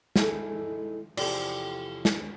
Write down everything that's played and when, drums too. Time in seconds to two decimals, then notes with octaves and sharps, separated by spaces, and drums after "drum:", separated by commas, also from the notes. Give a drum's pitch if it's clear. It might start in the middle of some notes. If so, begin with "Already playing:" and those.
0.16 D#4 E4 G#4 A4, drum: snare
1.17 E2 C3 F3 G4 A4 D5, drum: cymbal
2.05 drum: snare